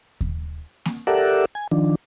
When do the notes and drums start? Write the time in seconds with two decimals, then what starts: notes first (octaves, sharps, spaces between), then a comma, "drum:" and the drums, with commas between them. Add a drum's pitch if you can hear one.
0.21 drum: kick D#2
0.85 drum: snare A#3
1.07 G4 A4 A#4 D5 E5 F#5
1.55 G#5
1.71 D#3 F3 D4